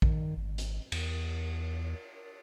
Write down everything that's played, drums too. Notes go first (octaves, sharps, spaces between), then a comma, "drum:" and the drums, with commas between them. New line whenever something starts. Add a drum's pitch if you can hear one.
D#3, drum: kick A#1
G#1
drum: hi-hat
E2, drum: cymbal